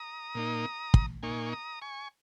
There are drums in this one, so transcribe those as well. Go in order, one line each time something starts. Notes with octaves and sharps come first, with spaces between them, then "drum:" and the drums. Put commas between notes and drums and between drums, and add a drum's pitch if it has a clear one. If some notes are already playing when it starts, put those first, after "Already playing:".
Already playing: A#5 D#6
A#2 A#3 D#4
drum: kick
A#2 A#3 D#4 G#5 C#6
C#6
A#5 D#6
G#5 C#6